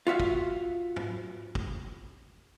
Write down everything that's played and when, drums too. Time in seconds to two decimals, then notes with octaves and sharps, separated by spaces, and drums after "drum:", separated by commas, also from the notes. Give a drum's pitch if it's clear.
0.07 F4 F#4 E5 F5
0.20 drum: kick
0.96 drum: tom
1.55 drum: kick